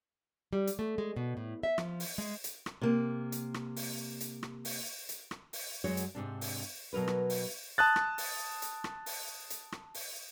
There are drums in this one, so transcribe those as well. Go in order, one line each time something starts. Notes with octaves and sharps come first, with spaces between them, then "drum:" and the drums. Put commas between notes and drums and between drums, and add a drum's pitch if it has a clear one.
G3
drum: hi-hat
A3
G#3
B2
A2
E5
F3, drum: rim click
drum: open hi-hat
G#3
drum: hi-hat
drum: rim click
C3 A#3
drum: hi-hat
drum: rim click
drum: open hi-hat
drum: hi-hat
drum: rim click
drum: open hi-hat
drum: hi-hat
drum: rim click
drum: open hi-hat
F#2 F#3 G#3 F#4 C#5
drum: hi-hat
G#2 C3 D4
drum: open hi-hat
B2 F#3 A#4 B4
drum: rim click
drum: open hi-hat
A5 D#6 F#6 A6
drum: rim click
drum: open hi-hat
drum: hi-hat
drum: rim click
drum: open hi-hat
drum: hi-hat
drum: rim click
drum: open hi-hat